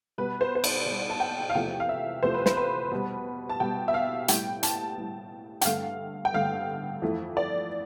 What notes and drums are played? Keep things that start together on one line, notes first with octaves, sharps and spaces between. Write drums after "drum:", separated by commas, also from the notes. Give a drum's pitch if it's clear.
B2 G3 B4
C5
C5
D5, drum: cymbal
B2 G3
A5
G5
F5
E2 C3 F3 A3 G5
F5
E5
E2 C3 F3 A3 C5
B4
C5, drum: snare
B4
B2 G3
A5
B2 G3 G5
E5
F5
A2 G3 G5, drum: hi-hat
A5, drum: hi-hat
A2 G3
G5, drum: hi-hat
G2 D3 A3 F5
G5
G2 D3 A3 F5
F2 E3 A3
D5